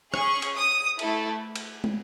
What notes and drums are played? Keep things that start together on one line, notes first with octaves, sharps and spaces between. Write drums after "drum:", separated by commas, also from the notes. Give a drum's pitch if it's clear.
C#4 G#4 C#6, drum: rim click
drum: cymbal
D#6
A3 E4 A4, drum: cymbal
drum: cymbal
drum: tom